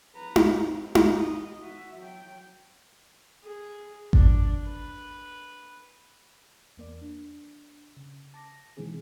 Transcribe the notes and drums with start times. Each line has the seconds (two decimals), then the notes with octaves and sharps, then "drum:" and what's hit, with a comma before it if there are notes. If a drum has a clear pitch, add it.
0.15 B4 A#5
0.36 drum: tom D#4
0.59 C4
0.95 drum: tom D#4
1.14 D#5
1.61 F#4 E5
1.99 F#3 G5
3.44 G#4
4.13 D4, drum: kick G#1
4.68 B4
6.77 E2 A#3 D5
7.02 D4
7.97 C#3
8.34 A5 D6 A#6
8.77 B2 D#3 E3 G#3 C4 G#4